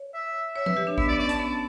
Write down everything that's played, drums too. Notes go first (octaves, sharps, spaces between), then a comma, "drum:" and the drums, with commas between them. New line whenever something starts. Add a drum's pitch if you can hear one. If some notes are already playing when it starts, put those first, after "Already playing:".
Already playing: C#5
E5
C#5 E5
B4, drum: tom
G4
D4
B3 E5, drum: kick A1
D5
B3
C#4 D5
A5, drum: hi-hat
B3